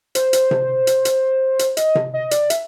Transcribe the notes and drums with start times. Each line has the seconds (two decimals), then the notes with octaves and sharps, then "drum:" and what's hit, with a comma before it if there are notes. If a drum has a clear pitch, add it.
0.15 C5, drum: hi-hat
0.33 drum: hi-hat
0.51 drum: tom C3
0.87 drum: hi-hat
1.05 drum: hi-hat
1.59 drum: hi-hat
1.77 D#5, drum: hi-hat
1.95 drum: tom C3
2.14 D#5
2.31 D5, drum: hi-hat
2.50 E5, drum: hi-hat